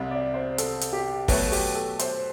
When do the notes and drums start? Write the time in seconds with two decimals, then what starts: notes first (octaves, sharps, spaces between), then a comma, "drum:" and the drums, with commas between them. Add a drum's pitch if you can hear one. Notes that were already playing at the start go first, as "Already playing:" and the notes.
Already playing: C2 C3 G3
0.11 D5
0.34 C5
0.58 A4, drum: hi-hat
0.81 drum: hi-hat
0.93 G4
1.28 B2 F#3 A3 B4, drum: kick, open hi-hat
1.52 G4, drum: open hi-hat
1.75 A4
1.99 C5, drum: hi-hat